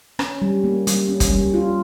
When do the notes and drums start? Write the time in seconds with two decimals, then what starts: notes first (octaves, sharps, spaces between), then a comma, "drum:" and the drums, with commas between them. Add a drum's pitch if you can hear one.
0.19 C#4, drum: rim click
0.42 G3
0.64 A#3
0.87 G3, drum: hi-hat
1.09 C#4
1.20 drum: kick, hi-hat
1.31 G3
1.54 F4